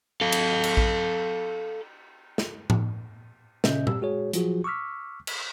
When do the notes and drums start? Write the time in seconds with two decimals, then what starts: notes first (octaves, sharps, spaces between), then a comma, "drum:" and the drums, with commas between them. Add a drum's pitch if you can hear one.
0.21 A4 F5
0.32 drum: cymbal
0.64 drum: cymbal
0.77 drum: kick A#1
2.38 drum: snare
2.70 drum: tom A2
3.64 A#2 C#3 C#4 D#5 E5 G6, drum: snare
3.87 G4 E6, drum: tom A#2
4.01 G#3 F#4 G#4 C#5
4.33 F3 F#3 F4 F#4 G#4, drum: hi-hat
4.64 C#6 D6 E6 F6 B6
5.27 drum: cymbal